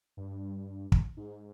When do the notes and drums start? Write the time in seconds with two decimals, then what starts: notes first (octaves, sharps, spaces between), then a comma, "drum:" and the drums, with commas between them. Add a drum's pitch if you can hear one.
0.17 G2
0.92 drum: kick
1.17 G#2